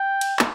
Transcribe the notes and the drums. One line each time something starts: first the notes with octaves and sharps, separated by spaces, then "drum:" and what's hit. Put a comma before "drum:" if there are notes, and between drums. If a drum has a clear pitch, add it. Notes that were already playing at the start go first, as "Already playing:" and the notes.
Already playing: G5
drum: cymbal
drum: clap